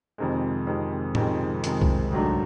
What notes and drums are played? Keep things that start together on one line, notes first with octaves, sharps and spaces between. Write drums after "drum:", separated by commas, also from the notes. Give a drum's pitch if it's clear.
F2 C3 D#3 G#3
F2 C3 D#3 G#3
F2 C3 D#3 G#3, drum: tom A2
F2 C3 D#3 G#3, drum: hi-hat
drum: kick
G#2 D#3 F#3 A3 D4